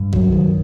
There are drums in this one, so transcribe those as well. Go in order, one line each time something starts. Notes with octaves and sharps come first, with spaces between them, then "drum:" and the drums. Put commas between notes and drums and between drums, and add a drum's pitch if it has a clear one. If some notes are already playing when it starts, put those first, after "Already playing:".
Already playing: G2
F#3, drum: kick A1
D#3